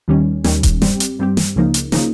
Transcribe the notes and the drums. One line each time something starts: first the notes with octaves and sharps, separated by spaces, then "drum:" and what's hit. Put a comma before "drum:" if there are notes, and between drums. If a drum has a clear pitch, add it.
D#2 D#3 G3 C#4
D#2 D#3 G3 C#4, drum: snare
drum: kick D#1, hi-hat
G2 G3 C4 G4, drum: snare
drum: hi-hat
G2 G3 C4 G4
drum: snare
C#2 C#3 F3 A#3 D#4
drum: hi-hat
C#3 F3 A#3 D#4, drum: snare